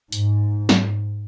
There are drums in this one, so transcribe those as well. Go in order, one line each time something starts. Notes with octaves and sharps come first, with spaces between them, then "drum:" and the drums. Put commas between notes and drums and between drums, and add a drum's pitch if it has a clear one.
G#2, drum: hi-hat
drum: snare